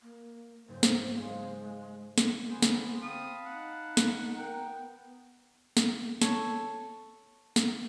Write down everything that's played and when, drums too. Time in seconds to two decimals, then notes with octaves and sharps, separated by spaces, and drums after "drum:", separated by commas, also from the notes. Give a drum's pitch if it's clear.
0.02 A#3
0.68 F#1 G#2 C5
0.83 drum: snare
1.16 G#3 C5 F5
2.18 drum: snare
2.51 D3 B3 G#4 C5
2.62 drum: snare
3.02 C4 F5 A5 B5 D#6
3.46 D#4 F#5
3.97 drum: snare
4.38 A#4 G5
4.63 B3
5.77 drum: snare
6.22 A4 C#5, drum: snare
7.56 drum: snare